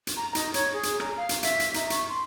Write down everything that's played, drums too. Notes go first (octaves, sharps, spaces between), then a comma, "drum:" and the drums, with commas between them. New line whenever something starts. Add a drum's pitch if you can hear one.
drum: hi-hat
A#5
D#4, drum: hi-hat
C#5, drum: hi-hat
G#4
drum: hi-hat
A#5, drum: rim click
F5
drum: hi-hat
E5, drum: hi-hat
drum: hi-hat
D#4, drum: hi-hat
C#6, drum: hi-hat
C6